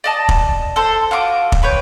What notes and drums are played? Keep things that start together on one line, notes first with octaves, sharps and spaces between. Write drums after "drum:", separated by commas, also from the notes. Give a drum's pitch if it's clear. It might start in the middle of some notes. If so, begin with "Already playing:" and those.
D5 D#5 A5
drum: kick
A4 C5
F4 F#4 C6 D6
drum: kick
B4 C#5 G5